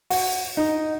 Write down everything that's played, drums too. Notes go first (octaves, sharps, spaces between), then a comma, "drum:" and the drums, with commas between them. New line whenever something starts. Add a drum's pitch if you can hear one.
F#4, drum: open hi-hat
D#4